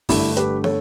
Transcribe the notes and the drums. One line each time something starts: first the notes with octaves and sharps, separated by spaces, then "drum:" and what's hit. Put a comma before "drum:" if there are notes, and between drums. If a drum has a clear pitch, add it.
G1 G2 D3 A3 E4 G4, drum: kick, open hi-hat
G4 B4, drum: hi-hat
A4 C#5, drum: snare